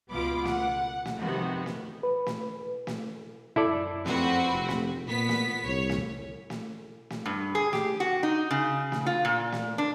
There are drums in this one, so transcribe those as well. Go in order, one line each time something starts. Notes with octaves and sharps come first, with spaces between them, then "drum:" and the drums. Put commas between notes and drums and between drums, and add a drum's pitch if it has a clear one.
C#2 B2 B3 F4 B5 D6
F#5, drum: snare
drum: snare
C3 D#3 F3 B3 F#4
drum: snare
B4
drum: snare
drum: snare
F#2 E4 A4 D5
F2 C4 F#4 B4, drum: snare
F1
drum: snare
A#2 B3 B6
drum: snare
C2 C#5
drum: snare
drum: snare
drum: snare
G2
G#4
G4, drum: snare
F#4
D#4
C#3
drum: snare
F4
A#2
drum: snare
D4